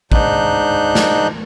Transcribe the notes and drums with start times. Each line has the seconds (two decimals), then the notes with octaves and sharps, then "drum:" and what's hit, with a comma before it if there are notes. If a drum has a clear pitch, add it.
0.12 G#2 D4 D#4 F#6 G6, drum: kick
0.95 drum: snare